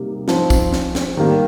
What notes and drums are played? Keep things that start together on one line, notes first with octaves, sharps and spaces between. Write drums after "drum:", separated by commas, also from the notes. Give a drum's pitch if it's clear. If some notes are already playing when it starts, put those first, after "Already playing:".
Already playing: C3 G3 A#3 D#4
F3 C4 D#4, drum: snare
drum: kick, tambourine
drum: snare
drum: snare
D#3 G3 A#3